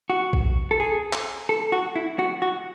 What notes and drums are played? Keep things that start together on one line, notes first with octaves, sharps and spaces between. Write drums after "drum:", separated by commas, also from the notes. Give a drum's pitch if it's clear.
F#4
drum: kick A#1
A4
G#4
drum: clap
A4
F#4
E4
F#4
F#4